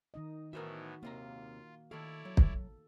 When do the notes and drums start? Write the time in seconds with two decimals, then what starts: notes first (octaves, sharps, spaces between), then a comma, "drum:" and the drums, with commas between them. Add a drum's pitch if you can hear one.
0.14 D#3 D#4 D#5
0.53 A2 E3 B3 F#4 A#4 C5 E5
1.03 D#2 C3 A#3 F4 A#5
1.91 D#3 E4 A4 C#5 D5 F5
2.25 F#3
2.37 drum: kick